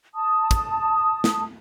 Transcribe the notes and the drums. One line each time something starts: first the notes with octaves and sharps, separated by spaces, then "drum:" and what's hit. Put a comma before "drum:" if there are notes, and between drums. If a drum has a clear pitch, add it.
A5 D#6
drum: kick, hi-hat
drum: snare